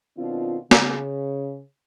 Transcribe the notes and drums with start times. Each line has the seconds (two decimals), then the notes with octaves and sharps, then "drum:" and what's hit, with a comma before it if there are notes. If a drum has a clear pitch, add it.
0.18 B2 D#3 C4 D4 F4
0.71 C#3, drum: snare